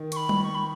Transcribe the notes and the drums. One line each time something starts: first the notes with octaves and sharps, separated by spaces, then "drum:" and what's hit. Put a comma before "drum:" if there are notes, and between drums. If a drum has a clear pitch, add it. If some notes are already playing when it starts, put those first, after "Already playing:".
Already playing: D#3
C#6, drum: hi-hat
B5
drum: tom G3
C#6
B5